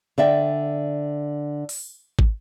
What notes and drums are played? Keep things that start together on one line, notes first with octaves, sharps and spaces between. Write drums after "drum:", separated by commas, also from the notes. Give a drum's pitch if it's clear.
D3 D5 E5 G5
drum: open hi-hat
drum: kick